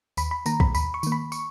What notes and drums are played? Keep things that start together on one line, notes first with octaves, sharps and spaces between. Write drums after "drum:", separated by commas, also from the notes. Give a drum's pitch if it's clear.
D#2 B5, drum: tambourine
B5
D#3 A#3 A#5, drum: tambourine
B5, drum: kick B1
D#2 B5, drum: tambourine
C#6
D#3 A#3, drum: tambourine
B5
C#6, drum: tambourine